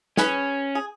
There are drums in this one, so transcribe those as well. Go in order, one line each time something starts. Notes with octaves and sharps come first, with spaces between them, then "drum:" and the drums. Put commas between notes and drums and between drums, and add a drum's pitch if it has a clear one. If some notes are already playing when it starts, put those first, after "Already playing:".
C#4 G#4 B4, drum: snare
G#4